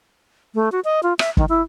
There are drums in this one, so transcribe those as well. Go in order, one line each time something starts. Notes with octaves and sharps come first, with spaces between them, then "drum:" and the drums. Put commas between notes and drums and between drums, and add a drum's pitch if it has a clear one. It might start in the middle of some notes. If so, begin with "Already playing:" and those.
A3
F#4
D#5
F4
E5, drum: rim click
D#3, drum: kick
E4